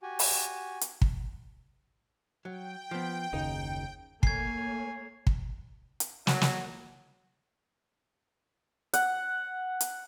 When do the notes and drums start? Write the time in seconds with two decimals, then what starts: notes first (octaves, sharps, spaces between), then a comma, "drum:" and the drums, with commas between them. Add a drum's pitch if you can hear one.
0.02 F#4 G4 G#5
0.19 drum: open hi-hat
0.81 drum: hi-hat
1.02 drum: kick
2.45 F#3 G5
2.91 F3 B3
3.33 F#1 D#2 C#3 D#4
4.23 A3 A#3 C#5 G#5 G#6 C7, drum: kick
5.27 drum: kick
6.00 drum: hi-hat
6.27 F#3, drum: snare
6.41 drum: snare
8.94 F#5, drum: hi-hat
9.81 drum: hi-hat